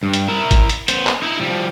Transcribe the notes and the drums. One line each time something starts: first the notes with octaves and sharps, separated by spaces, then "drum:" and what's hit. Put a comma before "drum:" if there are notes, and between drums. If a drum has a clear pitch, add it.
G2
drum: hi-hat
E4 A#4
drum: kick, hi-hat
drum: hi-hat
B3 C5, drum: hi-hat
drum: clap
D#4 E4
F3 G3